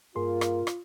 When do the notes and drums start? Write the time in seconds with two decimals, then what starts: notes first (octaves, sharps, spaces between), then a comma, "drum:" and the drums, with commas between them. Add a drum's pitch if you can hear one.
0.16 G2 A#3 F4 G#4 C6
0.41 drum: rim click
0.67 drum: rim click